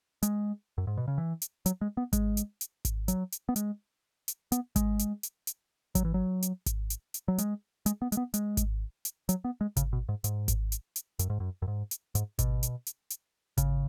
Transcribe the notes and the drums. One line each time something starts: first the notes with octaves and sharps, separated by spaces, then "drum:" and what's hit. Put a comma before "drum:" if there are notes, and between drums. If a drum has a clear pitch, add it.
G#3, drum: hi-hat
F#2
G#2
B2
C#3
E3
drum: hi-hat
F#3, drum: hi-hat
G#3
B3
G#3, drum: kick G#1, hi-hat
drum: hi-hat
drum: hi-hat
drum: kick G#1, hi-hat
F#3, drum: hi-hat
drum: hi-hat
B3
G#3, drum: hi-hat
drum: hi-hat
B3, drum: hi-hat
G#3, drum: kick G#1, hi-hat
drum: hi-hat
drum: hi-hat
drum: hi-hat
F#3, drum: kick G#1, hi-hat
E3
F#3
drum: hi-hat
drum: kick G#1, hi-hat
drum: hi-hat
drum: hi-hat
F#3
G#3, drum: hi-hat
G#3, drum: hi-hat
B3
G#3, drum: hi-hat
B3
G#3, drum: hi-hat
drum: kick G#1, hi-hat
drum: hi-hat
F#3, drum: hi-hat
B3
G#3
C#3, drum: kick G#1, hi-hat
B2
G#2
G#2, drum: hi-hat
drum: kick G#1, hi-hat
drum: hi-hat
drum: hi-hat
F#2, drum: hi-hat
G#2
F#2
F#2
G#2
drum: hi-hat
G#2, drum: hi-hat
B2, drum: kick G#1, hi-hat
drum: hi-hat
drum: hi-hat
drum: hi-hat
C#3, drum: kick G#1, hi-hat